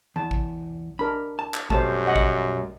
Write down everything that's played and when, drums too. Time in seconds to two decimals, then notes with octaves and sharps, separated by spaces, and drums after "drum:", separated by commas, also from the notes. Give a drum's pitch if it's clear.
0.16 E2 A5
0.31 drum: kick A1
0.99 D4 A#4 B5
1.39 A5
1.54 drum: clap
1.70 F#2 B2 G3 A3 C5 A5, drum: kick A1
2.06 D#5 F#5
2.16 drum: kick A1